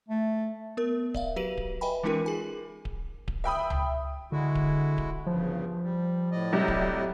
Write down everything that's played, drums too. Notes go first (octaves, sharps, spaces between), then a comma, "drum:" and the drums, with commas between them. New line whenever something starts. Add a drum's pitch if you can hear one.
A3
B3 A#4
D5 E5 F5, drum: kick D1
F#3 F#4 G4 B4 D#7 F#7
drum: kick D1
B4 D#5 E5 G5 G#5 B5
E3 G#3 C#4 D#4 F4 A#4
G#4 G#5
drum: kick D1
drum: kick D1
E5 G5 B5 D#6
drum: tom C#2
D3 G#3 E4 F#4
drum: kick D1
drum: kick D1
E2 G2 C#3 F3
G3
A2 D5 D#5
C3 F#3 G3
drum: kick D1